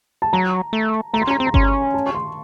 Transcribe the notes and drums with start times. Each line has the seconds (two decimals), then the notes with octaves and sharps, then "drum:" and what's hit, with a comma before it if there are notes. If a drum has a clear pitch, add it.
0.22 A5
0.33 F#3 A#5
0.73 A3
1.14 A3 A#5
1.22 C6
1.27 C#4 A#5
1.39 C4 C6
1.47 A#5
1.54 C#4 C6, drum: kick G1
1.63 A#5
1.94 A5
2.06 C#6
2.15 C6